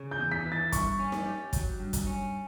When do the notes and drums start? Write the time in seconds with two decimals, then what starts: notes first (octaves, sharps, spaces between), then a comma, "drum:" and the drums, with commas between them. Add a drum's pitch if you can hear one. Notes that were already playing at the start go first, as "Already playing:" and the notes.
Already playing: C#3
0.11 G6
0.18 E2
0.32 B6
0.45 E3
0.52 A6
0.72 G2 C#6, drum: kick, hi-hat
0.99 C#4
1.12 drum: snare
1.25 G4
1.53 F#3, drum: kick, hi-hat
1.80 G2
1.93 drum: kick, hi-hat
2.07 C#4